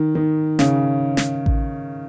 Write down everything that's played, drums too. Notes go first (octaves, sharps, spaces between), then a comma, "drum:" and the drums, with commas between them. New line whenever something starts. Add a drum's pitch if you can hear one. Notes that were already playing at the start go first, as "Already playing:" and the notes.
Already playing: D#3
D#3
C#3, drum: snare
drum: snare
drum: kick A1